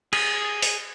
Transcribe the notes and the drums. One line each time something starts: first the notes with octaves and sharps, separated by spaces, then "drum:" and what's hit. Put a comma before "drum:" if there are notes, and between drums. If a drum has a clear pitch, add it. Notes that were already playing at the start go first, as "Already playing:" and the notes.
G#4, drum: cymbal
drum: open hi-hat